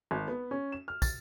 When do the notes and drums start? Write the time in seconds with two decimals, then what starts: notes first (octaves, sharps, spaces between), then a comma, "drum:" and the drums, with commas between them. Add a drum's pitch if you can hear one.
0.11 G#1
0.28 B3
0.51 C#4
0.72 E7
0.88 F6
1.02 A6, drum: kick, tambourine